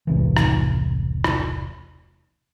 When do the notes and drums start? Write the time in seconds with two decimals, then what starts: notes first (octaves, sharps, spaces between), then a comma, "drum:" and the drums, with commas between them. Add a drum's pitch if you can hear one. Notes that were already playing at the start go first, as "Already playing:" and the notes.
0.07 E1 C2 A2 E3
0.37 drum: rim click
1.24 drum: rim click